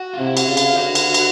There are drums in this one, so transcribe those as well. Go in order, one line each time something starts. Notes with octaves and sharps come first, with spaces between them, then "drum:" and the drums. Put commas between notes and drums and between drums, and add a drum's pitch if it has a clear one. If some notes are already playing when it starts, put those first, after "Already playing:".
Already playing: F#4
F4
C3 E4
F#4, drum: cymbal
C#3 F4
drum: cymbal
D3 F#4
drum: cymbal
drum: cymbal